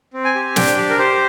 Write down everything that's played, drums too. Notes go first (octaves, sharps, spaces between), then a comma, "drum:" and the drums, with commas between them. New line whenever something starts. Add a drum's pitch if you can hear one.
C4
G#5
G4
D4 G5, drum: snare
G4 D5
A#4
G4 C5